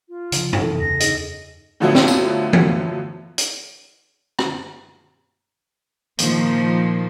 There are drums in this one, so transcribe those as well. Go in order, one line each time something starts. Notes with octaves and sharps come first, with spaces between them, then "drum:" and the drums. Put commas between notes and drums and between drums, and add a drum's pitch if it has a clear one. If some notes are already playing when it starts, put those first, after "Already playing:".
F4
C#3 F3, drum: hi-hat
drum: tom
C3 E3 A4
E2 C#3 A#6
D#4 G#4 D#5, drum: hi-hat
A2 D3 F3 F#3 B3 E4
drum: snare
drum: tambourine
drum: tom E3
drum: hi-hat
drum: rim click
A#2 D#3 F3 A#3, drum: hi-hat